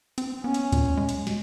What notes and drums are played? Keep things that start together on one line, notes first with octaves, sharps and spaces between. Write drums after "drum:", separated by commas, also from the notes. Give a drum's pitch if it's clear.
C4, drum: hi-hat
B3 C#4
drum: hi-hat
A#2, drum: kick, hi-hat
G#3
drum: hi-hat
drum: snare